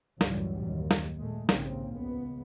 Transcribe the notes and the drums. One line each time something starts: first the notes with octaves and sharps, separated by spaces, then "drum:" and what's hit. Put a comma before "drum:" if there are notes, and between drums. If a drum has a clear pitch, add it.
C#2 F#2 A2 E3 F#3 G3, drum: snare
D#2
drum: snare
A#2 G#3 A3
A#1 D#2 G#2 C#3 A#3 C4, drum: snare
C#2 B3